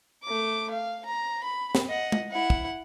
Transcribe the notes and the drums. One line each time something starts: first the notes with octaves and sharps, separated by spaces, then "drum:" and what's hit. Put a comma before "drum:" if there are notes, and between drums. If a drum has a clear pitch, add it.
A3 D6
F5
A#5
B5
drum: snare
D#5 F#5
drum: tom
E4 F#5
drum: kick